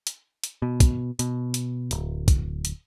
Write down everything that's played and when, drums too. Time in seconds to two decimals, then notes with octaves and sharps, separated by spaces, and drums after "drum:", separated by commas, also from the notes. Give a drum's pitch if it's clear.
0.07 drum: hi-hat
0.44 drum: hi-hat
0.62 B2
0.80 drum: kick, hi-hat
1.19 B2, drum: hi-hat
1.54 drum: hi-hat
1.91 D1, drum: hi-hat
2.28 drum: kick, hi-hat
2.65 drum: hi-hat